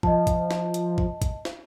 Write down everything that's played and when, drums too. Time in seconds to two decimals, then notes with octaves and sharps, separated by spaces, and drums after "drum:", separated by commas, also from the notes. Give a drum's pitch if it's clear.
0.03 F3 D#5 A5, drum: kick A1
0.27 drum: kick A1, hi-hat
0.51 drum: snare
0.74 drum: hi-hat
0.98 drum: kick A1
1.22 drum: kick A1, hi-hat
1.45 drum: snare